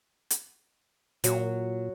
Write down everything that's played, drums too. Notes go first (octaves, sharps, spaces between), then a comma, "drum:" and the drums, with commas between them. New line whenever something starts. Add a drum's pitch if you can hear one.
drum: hi-hat
A#2 F#3, drum: hi-hat